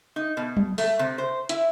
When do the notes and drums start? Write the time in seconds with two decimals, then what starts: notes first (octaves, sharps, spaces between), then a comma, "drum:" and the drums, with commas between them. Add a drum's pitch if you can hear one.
0.16 D#4
0.37 B2
0.57 drum: tom F#3
0.78 A3, drum: open hi-hat
0.99 C3
1.18 C5
1.49 E4, drum: hi-hat